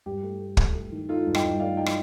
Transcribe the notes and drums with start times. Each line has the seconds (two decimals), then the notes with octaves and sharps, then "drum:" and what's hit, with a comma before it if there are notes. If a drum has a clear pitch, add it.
0.06 G2 G4
0.23 A3
0.40 A3
0.57 A3, drum: kick
0.74 A3
0.92 D#3
1.09 D#4 F4 A4
1.26 G2
1.35 D#5 G5, drum: rim click
1.43 G2
1.60 A3 D5 F5
1.77 D#4 D#5 G5
1.86 drum: rim click